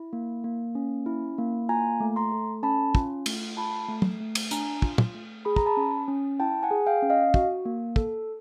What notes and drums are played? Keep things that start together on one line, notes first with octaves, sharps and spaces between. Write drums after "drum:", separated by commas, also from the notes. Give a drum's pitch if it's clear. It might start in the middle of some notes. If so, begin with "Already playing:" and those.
Already playing: E4
A#3
A#3
C#4
E4
A#3
F4 G#5 A#5
A3
A#5 C6
A4
C#4 A5 B5
F4, drum: kick
A3, drum: cymbal
F4 A5 B5
A3
drum: tom
A3
drum: cymbal
D4 G#5 A#5, drum: hi-hat
F4, drum: kick
drum: tom
A3
G#4 B5
A#5, drum: kick
A5 B5
C#4
C#4
E4 G5 A5
F#5 G#5
G#4
F5 G5
C#4
D#5 F5
F#4, drum: kick
A#3
A4, drum: kick